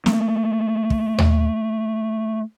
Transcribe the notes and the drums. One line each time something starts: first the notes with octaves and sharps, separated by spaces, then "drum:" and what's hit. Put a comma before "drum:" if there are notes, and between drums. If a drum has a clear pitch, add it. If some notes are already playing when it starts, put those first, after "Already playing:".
A3 A#3, drum: snare
drum: kick
drum: tom D#2